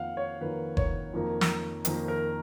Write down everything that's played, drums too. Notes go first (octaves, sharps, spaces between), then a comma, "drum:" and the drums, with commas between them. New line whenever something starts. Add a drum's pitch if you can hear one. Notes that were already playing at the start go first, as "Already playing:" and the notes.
Already playing: F2 D#3 A#3 F5 F#5
C#5
F2 D#3 A#3 B4
C#5, drum: kick F#1
F2 D#3 A#3
drum: snare
F2 D#3 A#3, drum: hi-hat
A#4